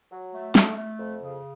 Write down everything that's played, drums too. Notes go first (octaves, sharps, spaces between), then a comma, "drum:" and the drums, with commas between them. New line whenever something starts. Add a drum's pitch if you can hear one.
F#3
A3
A3, drum: snare
A3
F2
C#3